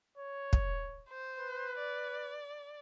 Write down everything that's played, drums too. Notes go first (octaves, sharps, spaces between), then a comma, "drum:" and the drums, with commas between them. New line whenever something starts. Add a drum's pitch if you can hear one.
C#5
drum: kick
C5
B4
D5